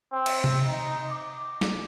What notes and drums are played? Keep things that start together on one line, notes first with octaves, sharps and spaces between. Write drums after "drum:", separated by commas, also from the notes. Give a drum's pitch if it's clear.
C4
drum: cymbal
drum: tom C3
D#4
D6
drum: snare